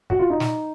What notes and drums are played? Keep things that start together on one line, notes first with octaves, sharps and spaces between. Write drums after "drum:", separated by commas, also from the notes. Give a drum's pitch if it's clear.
F#4, drum: kick
F4
D#4
drum: snare